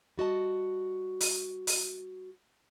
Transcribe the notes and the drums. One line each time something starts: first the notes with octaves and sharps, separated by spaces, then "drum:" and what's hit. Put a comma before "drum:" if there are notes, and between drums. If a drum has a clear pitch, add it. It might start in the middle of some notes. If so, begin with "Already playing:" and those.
G3 F#4 D#5 A5
drum: open hi-hat
drum: open hi-hat